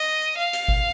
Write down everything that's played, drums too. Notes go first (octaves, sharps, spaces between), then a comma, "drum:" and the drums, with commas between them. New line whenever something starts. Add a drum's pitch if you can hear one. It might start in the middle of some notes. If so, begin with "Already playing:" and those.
Already playing: D#5
F5
drum: hi-hat
drum: kick G#1